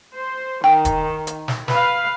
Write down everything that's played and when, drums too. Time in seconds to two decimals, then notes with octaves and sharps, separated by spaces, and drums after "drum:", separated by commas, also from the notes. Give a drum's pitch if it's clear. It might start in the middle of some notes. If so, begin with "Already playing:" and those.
0.13 C5
0.64 D#3 G5
0.85 drum: kick D#1, hi-hat
1.27 drum: hi-hat
1.48 drum: snare
1.68 B4 F5, drum: snare